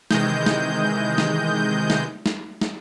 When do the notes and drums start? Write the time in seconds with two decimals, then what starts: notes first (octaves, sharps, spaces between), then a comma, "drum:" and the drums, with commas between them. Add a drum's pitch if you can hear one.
0.11 C3 D#3 E3 G#3 D#5 G6, drum: snare
0.46 drum: snare
1.18 drum: snare
1.90 drum: snare
2.26 drum: snare
2.61 drum: snare